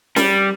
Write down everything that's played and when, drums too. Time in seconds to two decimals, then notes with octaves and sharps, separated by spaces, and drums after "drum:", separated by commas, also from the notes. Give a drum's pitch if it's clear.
0.16 G3, drum: snare